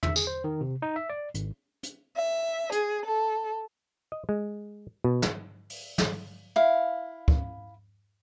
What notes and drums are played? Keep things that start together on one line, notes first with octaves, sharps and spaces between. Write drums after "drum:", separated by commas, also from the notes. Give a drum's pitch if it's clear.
E5, drum: tom
G#4, drum: tambourine
C5
D#3
C3
D#4
E5
D5
G#1, drum: hi-hat
drum: hi-hat
E5
G#4, drum: hi-hat
A4
D#5
G#3
B2
drum: snare
drum: open hi-hat
drum: snare
E4 F5
drum: kick